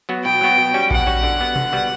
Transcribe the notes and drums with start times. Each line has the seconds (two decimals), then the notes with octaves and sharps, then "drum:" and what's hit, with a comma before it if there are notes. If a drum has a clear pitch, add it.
0.09 F#3 B3 F#4
0.24 B2 G5
0.41 F#3 B3 F#4
0.57 B2
0.74 G3 C#4 F#4
0.91 B2 F#5, drum: kick A#1
1.06 G3 C#4 F#4
1.23 D3
1.39 G3 B3 F#4
1.56 D3, drum: tom B2
1.72 G3 B3 F#4